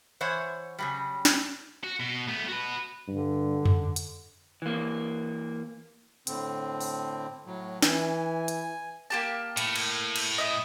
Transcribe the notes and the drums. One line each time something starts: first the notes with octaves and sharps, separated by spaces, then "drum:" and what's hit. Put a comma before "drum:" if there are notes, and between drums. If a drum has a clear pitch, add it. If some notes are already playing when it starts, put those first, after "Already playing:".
E3 C5 C#5 F#5
C#3 F#3 G3
drum: snare
F#4
B2
A3 B3
F#4 B4
G2 D3
drum: tom F2
drum: hi-hat
E3 A#3
A2 D3 C4, drum: hi-hat
drum: open hi-hat
A2 F#3
E3 G#5, drum: snare
drum: hi-hat
A#3 G4 A5
A2, drum: hi-hat
drum: cymbal
drum: cymbal
D#5 E5